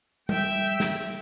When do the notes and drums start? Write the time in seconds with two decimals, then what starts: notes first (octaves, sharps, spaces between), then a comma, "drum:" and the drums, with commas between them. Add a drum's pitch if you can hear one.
0.29 E5 G5, drum: tom G3
0.80 drum: snare